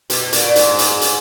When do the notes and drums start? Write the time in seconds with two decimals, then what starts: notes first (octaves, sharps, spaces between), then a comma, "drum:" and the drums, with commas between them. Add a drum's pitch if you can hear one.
0.10 B2, drum: hi-hat
0.32 A#2, drum: hi-hat
0.56 G#2, drum: hi-hat
0.79 drum: hi-hat
1.01 drum: hi-hat